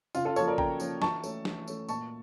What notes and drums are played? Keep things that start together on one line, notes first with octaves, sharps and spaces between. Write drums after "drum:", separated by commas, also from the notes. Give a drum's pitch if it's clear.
C#3 F4, drum: tambourine
F4 A4
F3 A#3 C#4 A4 C#5, drum: tambourine
A#4 D5
C#3 G5 A#5, drum: kick A1
F3 A#3 C#4, drum: tambourine
E3 A5 C#6, drum: snare
A3 C#4, drum: tambourine
E3, drum: snare
A3 C#4, drum: tambourine
A#2 A5 C#6, drum: tambourine